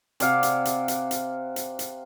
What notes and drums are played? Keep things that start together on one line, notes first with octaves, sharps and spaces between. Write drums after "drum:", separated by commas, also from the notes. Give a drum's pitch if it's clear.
C3 D5 F5 F#5, drum: hi-hat
drum: hi-hat
drum: hi-hat
drum: hi-hat
drum: hi-hat
drum: hi-hat
drum: hi-hat